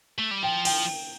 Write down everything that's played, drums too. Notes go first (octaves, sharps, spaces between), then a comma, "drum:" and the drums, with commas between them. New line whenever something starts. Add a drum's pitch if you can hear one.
A3
G3
F3 G5
G5, drum: cymbal